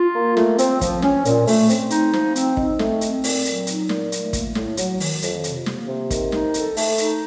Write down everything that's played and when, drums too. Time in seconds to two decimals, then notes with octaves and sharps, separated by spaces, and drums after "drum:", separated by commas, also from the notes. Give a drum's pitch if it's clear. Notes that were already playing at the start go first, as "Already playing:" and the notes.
Already playing: F4
0.15 A#3
0.37 A3, drum: snare
0.58 C4, drum: hi-hat
0.81 F3, drum: kick, hi-hat
1.02 C#4, drum: snare
1.25 A#2, drum: hi-hat
1.47 A3, drum: open hi-hat
1.69 C4, drum: hi-hat
1.90 D#4, drum: hi-hat
2.13 F3, drum: snare
2.36 C4, drum: hi-hat
2.57 D#4, drum: kick
2.79 A3, drum: snare
3.01 C4, drum: hi-hat
3.24 A#2, drum: open hi-hat
3.45 F#3, drum: hi-hat
3.67 D#4, drum: hi-hat
3.89 A#2, drum: snare
4.12 A3, drum: hi-hat
4.33 A#3, drum: kick, hi-hat
4.55 A2, drum: snare
4.77 F#3, drum: hi-hat
5.00 D#3, drum: open hi-hat
5.22 F2, drum: hi-hat
5.44 C3, drum: hi-hat
5.66 A#3, drum: snare
5.87 C3
6.10 D#3, drum: kick, hi-hat
6.32 D#4, drum: snare
6.54 A4, drum: hi-hat
6.77 A3, drum: open hi-hat
6.98 D#4, drum: hi-hat